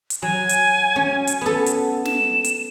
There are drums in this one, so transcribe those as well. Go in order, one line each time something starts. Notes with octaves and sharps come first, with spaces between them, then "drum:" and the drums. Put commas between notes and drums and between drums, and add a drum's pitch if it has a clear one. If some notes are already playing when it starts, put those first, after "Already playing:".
drum: hi-hat
F#3 G#5
drum: hi-hat
C#4
drum: hi-hat
B3 A4
drum: hi-hat
E7, drum: snare
drum: hi-hat